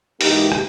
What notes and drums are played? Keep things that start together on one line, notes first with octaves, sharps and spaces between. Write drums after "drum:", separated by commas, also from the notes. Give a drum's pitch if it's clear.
G#2 E3 A#3 D#4 G4, drum: open hi-hat
drum: rim click